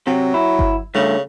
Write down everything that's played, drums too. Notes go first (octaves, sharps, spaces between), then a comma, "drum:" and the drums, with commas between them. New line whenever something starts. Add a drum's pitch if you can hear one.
C3 F#3
E4
drum: kick G1
G2 C#3 A3